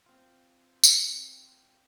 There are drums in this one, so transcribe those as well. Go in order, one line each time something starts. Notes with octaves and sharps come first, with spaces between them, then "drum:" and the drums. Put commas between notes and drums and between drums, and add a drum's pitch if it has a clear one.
C4 F4
drum: tambourine